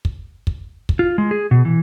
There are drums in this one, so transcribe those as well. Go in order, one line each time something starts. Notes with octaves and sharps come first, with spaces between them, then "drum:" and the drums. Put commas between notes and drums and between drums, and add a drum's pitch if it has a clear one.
drum: kick
drum: kick
drum: kick
F4
G#3
G#4
B2
E3